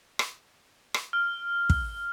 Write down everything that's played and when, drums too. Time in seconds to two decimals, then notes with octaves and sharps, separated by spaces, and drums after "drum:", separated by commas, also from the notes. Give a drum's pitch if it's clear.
0.19 drum: rim click
0.94 drum: rim click
1.13 F6
1.70 drum: kick